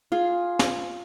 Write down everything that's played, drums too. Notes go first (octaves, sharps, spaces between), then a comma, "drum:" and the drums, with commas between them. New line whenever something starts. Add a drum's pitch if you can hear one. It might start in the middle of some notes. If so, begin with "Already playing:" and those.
F4 G#4
drum: snare